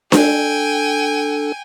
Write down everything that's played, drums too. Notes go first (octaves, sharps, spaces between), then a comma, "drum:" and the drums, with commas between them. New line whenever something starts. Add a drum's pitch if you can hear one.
D4 A4 G5 G#5, drum: snare D4